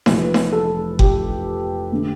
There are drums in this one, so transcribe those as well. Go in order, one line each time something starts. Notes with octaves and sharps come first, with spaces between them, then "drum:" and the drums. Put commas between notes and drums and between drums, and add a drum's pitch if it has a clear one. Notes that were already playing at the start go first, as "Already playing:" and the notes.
F1 F2 E3 G3 B4, drum: snare D#4
drum: snare D#4
A4
G4, drum: kick F#1
D3 A3